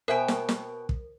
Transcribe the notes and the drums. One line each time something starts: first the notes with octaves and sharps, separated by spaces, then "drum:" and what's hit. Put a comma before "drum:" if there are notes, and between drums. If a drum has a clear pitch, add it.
B2 A#4 C5 E5 G5 G#5
drum: snare
drum: snare
drum: kick